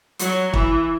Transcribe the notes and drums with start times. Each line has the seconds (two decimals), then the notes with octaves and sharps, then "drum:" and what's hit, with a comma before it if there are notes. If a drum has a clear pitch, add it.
0.19 F#3, drum: hi-hat
0.54 E3, drum: kick